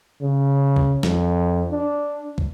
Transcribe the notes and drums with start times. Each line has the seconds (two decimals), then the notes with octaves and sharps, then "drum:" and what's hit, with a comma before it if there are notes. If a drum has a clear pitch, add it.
0.22 C#3
0.76 drum: kick
1.03 F2, drum: snare
1.72 D4
2.38 drum: kick